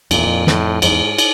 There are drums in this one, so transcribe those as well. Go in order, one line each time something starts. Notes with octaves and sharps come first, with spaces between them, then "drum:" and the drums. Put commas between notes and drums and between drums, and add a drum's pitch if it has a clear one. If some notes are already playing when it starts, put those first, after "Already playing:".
F2 A#2, drum: cymbal
E2
F2
A2, drum: snare
F2 G#2, drum: cymbal
E2
drum: cymbal